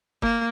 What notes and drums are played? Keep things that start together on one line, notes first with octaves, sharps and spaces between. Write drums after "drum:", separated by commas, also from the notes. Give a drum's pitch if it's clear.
A#3, drum: kick F#1